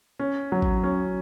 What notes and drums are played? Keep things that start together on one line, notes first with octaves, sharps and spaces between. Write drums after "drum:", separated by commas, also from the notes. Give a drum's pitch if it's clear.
C#4
F#3
drum: kick A1
C#4